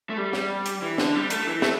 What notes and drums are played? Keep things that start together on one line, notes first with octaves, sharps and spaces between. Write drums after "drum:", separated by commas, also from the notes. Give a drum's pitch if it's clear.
A3
G3
drum: snare
drum: hi-hat
E3
D3, drum: snare
G3
A3, drum: hi-hat
E3
A3, drum: snare